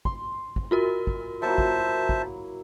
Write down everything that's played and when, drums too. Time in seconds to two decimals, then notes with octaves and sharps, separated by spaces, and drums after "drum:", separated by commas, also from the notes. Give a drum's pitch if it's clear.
0.05 C6, drum: kick
0.56 drum: kick
0.71 F4 F#4 A#4
1.07 drum: kick
1.42 F#3 A#3 E4 C5 E5 A5
1.58 drum: kick
2.09 drum: kick